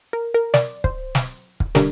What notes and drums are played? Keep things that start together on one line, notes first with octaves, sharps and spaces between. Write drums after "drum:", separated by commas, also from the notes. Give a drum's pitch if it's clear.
A#4
A#4
D5, drum: snare
C5, drum: kick
drum: snare
drum: kick
D3 G3 D4 A#4, drum: snare